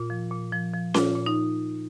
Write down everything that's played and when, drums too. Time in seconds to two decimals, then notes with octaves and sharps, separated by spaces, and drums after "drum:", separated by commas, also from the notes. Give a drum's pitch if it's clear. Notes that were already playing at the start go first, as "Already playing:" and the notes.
Already playing: A#2 F4
0.10 F3
0.31 A#2
0.53 F3
0.73 F3
0.94 A#2 F4, drum: snare C#4
1.16 A#2
1.26 D#4